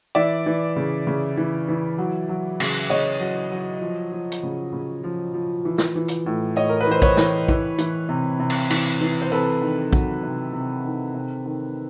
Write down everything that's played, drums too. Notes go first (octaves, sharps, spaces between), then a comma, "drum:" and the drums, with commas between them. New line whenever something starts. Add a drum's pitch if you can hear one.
E3 D5 E5
E3
C#3
C#3
E3
E3
F#3
F#3
C#3, drum: cymbal
C#3 C#5 D#5
F#3
F#3
F3
F3
drum: hi-hat
C#3
C#3
F3
F3
E3
drum: snare
E3
drum: hi-hat
A2
A2 C#5 D#5
A#4
B4
E3 C5
B4 C#5, drum: kick
E3, drum: snare
E3, drum: kick
E3, drum: hi-hat
C3
C3
drum: cymbal
E3, drum: cymbal
E3
C5
C3 A4 B4
D#3
F#3, drum: kick
C3
C3
D#3
C3
D#3